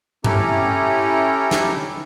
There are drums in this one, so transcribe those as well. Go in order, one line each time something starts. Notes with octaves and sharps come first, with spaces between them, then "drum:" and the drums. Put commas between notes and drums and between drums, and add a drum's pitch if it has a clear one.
C#4 E4 G4 A4 A#5, drum: tom G2
drum: snare